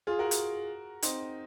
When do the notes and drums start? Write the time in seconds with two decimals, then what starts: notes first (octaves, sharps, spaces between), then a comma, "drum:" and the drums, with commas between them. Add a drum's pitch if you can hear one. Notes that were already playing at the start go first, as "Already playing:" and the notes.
0.07 F4 G#4
0.19 F#4 A#4
0.31 drum: hi-hat
1.02 C4 D#4, drum: hi-hat